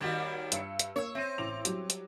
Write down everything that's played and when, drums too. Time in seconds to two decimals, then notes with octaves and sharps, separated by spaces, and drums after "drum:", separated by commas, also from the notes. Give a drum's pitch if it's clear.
0.01 D#2 D#3 G3 F#4 G#6
0.52 G2 E6 C#7, drum: hi-hat
0.79 drum: hi-hat
0.96 A#3 C#5 E6
1.15 C4 E5 D#7
1.38 A1 D6 F7
1.65 F#3 G3, drum: hi-hat
1.90 drum: hi-hat